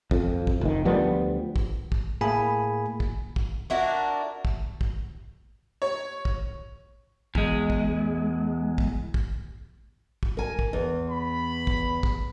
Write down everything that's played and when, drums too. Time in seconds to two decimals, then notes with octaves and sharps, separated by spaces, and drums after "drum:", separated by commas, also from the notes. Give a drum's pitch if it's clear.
0.11 F2, drum: kick
0.47 drum: kick
0.61 F1 D#3
0.85 D2 F3 G3 B3
1.56 drum: kick
1.92 drum: kick
2.21 A2 A#3 G#4 G#5 B5
3.00 drum: kick
3.36 drum: kick
3.70 D4 E4 F#4 A#4
4.45 drum: kick
4.81 drum: kick
5.82 C#5
6.25 drum: kick
7.35 E2 G#3, drum: kick
7.70 drum: kick
8.78 drum: kick
9.14 drum: kick
10.23 drum: kick
10.37 A#4 G#5
10.59 drum: kick
10.73 E2
11.10 B5
11.67 drum: kick
12.03 drum: kick